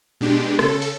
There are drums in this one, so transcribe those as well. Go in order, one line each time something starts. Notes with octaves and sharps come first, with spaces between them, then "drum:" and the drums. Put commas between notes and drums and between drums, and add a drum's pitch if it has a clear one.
B2 G#3 D4 G4
C#3 A4, drum: rim click
drum: open hi-hat